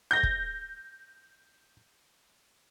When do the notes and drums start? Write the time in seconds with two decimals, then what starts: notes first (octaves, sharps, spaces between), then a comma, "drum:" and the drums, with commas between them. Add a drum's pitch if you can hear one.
0.11 G6 A#6
0.23 drum: kick